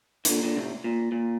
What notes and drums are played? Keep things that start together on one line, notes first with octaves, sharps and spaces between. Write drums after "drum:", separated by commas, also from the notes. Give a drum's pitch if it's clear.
D#3, drum: hi-hat
A#2 D3
A#2 D3
A2 C3
A#2
A#2